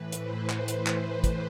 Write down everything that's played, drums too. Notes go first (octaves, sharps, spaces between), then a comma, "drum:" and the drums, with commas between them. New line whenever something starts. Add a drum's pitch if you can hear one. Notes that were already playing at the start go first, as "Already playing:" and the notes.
Already playing: A2 E3 B4
C5, drum: hi-hat
drum: clap
drum: hi-hat
B4, drum: clap
drum: kick, hi-hat